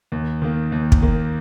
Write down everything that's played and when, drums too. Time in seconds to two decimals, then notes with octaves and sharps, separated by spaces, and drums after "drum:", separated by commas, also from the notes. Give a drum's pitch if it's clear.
0.12 D#2
0.42 D#3 A#3
0.72 D#2
0.92 drum: kick
1.02 D#3 A#3